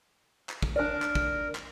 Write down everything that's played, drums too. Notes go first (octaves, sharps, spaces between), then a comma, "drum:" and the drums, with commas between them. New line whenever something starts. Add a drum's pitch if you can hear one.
drum: clap
drum: kick
D4 A#4 D5
drum: clap
drum: kick
drum: clap